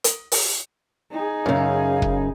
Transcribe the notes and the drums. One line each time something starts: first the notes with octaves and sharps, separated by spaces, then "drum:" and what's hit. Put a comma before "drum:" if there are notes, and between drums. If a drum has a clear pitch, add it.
drum: hi-hat
drum: open hi-hat
D#4 G#4
F#2 C#3 F5
drum: kick